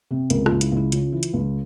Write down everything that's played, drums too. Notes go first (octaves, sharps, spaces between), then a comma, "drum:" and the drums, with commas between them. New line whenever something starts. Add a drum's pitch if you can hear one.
C3
C#2 A#4, drum: hi-hat
F4, drum: rim click
C#2
E4, drum: hi-hat
C#2 E4
C#3 F4, drum: hi-hat
E3
drum: hi-hat
C#2